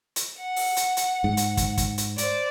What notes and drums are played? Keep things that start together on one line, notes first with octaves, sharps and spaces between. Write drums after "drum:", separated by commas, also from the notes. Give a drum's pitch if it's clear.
drum: hi-hat
F#5
drum: open hi-hat
drum: hi-hat
drum: hi-hat
G#2
drum: hi-hat
drum: kick, hi-hat
drum: kick, hi-hat
drum: hi-hat
C5 D5, drum: hi-hat